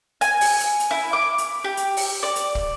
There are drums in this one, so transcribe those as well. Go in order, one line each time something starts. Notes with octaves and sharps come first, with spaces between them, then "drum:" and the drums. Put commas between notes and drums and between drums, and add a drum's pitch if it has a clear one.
G#5, drum: hi-hat
drum: open hi-hat
drum: hi-hat
drum: hi-hat
E4
D6
drum: hi-hat
G4
drum: hi-hat
drum: open hi-hat
D5
drum: hi-hat
drum: kick